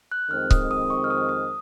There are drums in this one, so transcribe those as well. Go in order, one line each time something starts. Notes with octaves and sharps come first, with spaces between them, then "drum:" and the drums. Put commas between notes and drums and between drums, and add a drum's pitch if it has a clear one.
F#6
F2 D#3 G#3 C4 F6
D#6, drum: kick C#1
D#6
C#6
F6
D#6
D#6